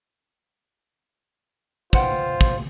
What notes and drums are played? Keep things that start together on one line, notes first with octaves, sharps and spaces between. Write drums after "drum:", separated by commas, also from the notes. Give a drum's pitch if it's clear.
F4 B4 C5 F#5 G5, drum: kick
drum: kick